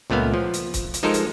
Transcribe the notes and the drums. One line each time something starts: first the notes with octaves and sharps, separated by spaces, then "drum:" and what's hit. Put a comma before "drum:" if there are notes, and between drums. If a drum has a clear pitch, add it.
C#2 A#2 A3 B3 F5
F3
drum: hi-hat
drum: kick C#1, hi-hat
drum: hi-hat
F3 G#3 D#4 A4 A#4 C5
drum: hi-hat